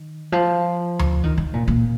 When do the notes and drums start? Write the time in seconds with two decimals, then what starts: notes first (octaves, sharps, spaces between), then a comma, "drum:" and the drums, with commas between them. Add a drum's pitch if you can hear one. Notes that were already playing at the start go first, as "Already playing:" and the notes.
Already playing: D#3
0.32 F3
0.99 drum: tom D2
1.23 D#3
1.38 D#3
1.53 A#2
1.68 A#2